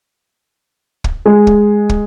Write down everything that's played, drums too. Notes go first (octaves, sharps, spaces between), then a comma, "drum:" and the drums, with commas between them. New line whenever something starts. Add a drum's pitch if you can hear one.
drum: kick
G#3
drum: kick
drum: kick